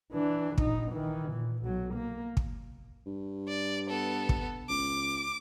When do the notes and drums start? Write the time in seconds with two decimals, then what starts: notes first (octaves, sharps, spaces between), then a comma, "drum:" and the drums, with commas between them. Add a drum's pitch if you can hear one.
0.12 E3 D4
0.58 A#1 D#4, drum: kick
0.92 D#3 E3
1.32 A#2
1.64 B1 F#3
1.94 A#3
2.37 drum: kick
3.06 G2
3.48 D5
3.89 B3 A4
4.29 drum: kick
4.69 C#2 D6